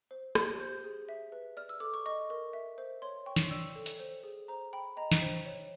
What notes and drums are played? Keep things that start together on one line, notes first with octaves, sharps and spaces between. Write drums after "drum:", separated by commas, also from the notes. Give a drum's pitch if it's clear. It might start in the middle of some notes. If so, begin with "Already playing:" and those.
C5
G4, drum: rim click
C5 G6
G#4
E5
B4
D5 F6
E6
A4 D6
C#6
D#5 C#6
A#4
E5
C5
C#5 C6
G5 C#6
drum: snare
D5 E6
A4
drum: hi-hat
C5
G#4
C5 A#5
G5 B5
D#5 A#5
drum: snare
C5
C#5